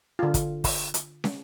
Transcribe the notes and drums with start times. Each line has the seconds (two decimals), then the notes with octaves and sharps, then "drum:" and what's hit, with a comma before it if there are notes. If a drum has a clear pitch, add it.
0.19 D3 F4
0.34 drum: kick, hi-hat
0.64 drum: kick, open hi-hat
0.94 drum: hi-hat
1.24 drum: snare